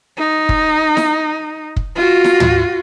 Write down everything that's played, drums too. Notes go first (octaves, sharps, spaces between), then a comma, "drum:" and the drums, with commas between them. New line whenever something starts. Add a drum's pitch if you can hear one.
D#4
drum: kick
drum: snare E4
drum: kick
F4 F#4
drum: snare E4
drum: tom